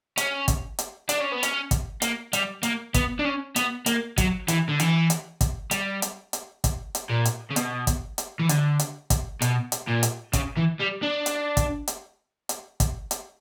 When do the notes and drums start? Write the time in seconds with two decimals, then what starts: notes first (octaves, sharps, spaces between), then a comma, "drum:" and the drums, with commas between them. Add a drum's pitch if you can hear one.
0.17 C#4, drum: hi-hat
0.48 drum: kick, hi-hat
0.79 drum: hi-hat
1.09 D4, drum: hi-hat
1.20 C#4
1.32 B3
1.43 C#4, drum: hi-hat
1.71 drum: kick, hi-hat
2.02 A#3, drum: hi-hat
2.33 G3, drum: hi-hat
2.63 A#3, drum: hi-hat
2.94 B3, drum: kick, hi-hat
3.19 D4
3.25 C#4
3.56 B3, drum: hi-hat
3.86 A#3, drum: hi-hat
4.18 F#3, drum: kick, hi-hat
4.48 E3, drum: hi-hat
4.69 D3
4.80 E3, drum: hi-hat
5.10 drum: hi-hat
5.41 drum: kick, hi-hat
5.71 G3, drum: hi-hat
6.02 drum: hi-hat
6.33 drum: hi-hat
6.64 drum: kick, hi-hat
6.95 drum: hi-hat
7.10 A#2
7.25 drum: hi-hat
7.51 C#3
7.56 B2, drum: hi-hat
7.87 drum: kick, hi-hat
8.18 drum: hi-hat
8.39 E3
8.49 D3, drum: hi-hat
8.79 drum: hi-hat
9.10 drum: kick, hi-hat
9.42 B2, drum: hi-hat
9.72 drum: hi-hat
9.87 A#2
10.03 drum: hi-hat
10.33 C#3, drum: kick, hi-hat
10.57 E3
10.80 G3
11.02 D4
11.26 drum: hi-hat
11.57 drum: kick, hi-hat
11.88 drum: hi-hat
12.49 drum: hi-hat
12.80 drum: kick, hi-hat
13.11 drum: hi-hat